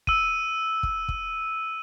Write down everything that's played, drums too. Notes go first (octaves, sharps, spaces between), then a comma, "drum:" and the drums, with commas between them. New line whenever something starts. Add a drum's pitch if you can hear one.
E6 D#7, drum: kick
drum: kick
drum: kick